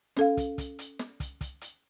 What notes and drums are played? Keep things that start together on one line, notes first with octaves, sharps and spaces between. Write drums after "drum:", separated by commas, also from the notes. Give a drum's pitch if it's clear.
C#4 A4 F5, drum: snare
drum: kick, hi-hat
drum: kick, hi-hat
drum: hi-hat
drum: snare
drum: kick, hi-hat
drum: kick, hi-hat
drum: hi-hat